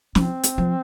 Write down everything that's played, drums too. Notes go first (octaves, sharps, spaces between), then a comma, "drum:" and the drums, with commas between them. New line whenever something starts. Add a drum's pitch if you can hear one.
F3 C4, drum: snare
drum: hi-hat
F3